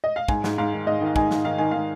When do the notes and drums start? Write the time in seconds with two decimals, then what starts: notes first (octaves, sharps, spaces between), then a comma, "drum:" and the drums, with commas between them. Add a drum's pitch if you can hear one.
0.04 D#5
0.16 F5
0.28 G#2 G#5, drum: kick
0.44 G#2, drum: snare
0.58 G#2 F5
0.73 D#3
0.87 G#2 D#5
1.01 D#3 F5
1.16 G#2 G#5, drum: kick
1.31 G#2, drum: snare
1.45 D#3 F5
1.58 D#3 G#5
1.71 D#3 F5